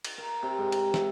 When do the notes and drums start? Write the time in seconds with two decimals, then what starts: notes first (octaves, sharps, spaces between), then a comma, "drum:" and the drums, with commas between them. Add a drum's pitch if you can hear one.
0.05 drum: cymbal
0.18 A#4
0.43 C3
0.58 G#2
0.72 A#5, drum: cymbal
0.94 E5, drum: snare